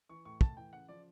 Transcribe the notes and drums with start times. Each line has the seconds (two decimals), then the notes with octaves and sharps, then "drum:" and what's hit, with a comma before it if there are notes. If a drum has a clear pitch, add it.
0.09 E3 C#6
0.25 A2 C#6
0.41 A2 A5, drum: kick
0.57 E3 G5
0.73 C#3 F#5
0.88 F3 D5